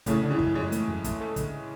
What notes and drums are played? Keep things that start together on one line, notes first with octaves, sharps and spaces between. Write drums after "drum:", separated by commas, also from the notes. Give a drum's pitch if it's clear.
A2 C#3 A3, drum: kick, hi-hat
D3
E3 G#3
F#2, drum: kick
F#2 E3 G#3
A3, drum: hi-hat
F#2
A3, drum: kick, hi-hat
A3
D3, drum: kick, hi-hat